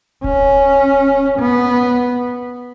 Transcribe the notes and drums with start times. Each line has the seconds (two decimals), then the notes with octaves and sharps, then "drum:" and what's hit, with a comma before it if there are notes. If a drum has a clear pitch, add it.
0.24 C#4, drum: kick D1
1.39 B3